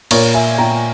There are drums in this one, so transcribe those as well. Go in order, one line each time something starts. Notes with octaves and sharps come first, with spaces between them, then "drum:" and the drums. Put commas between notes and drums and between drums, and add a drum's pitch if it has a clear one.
A#2 A#4 C#5, drum: cymbal
E5 G#5
A#2 G5 A#5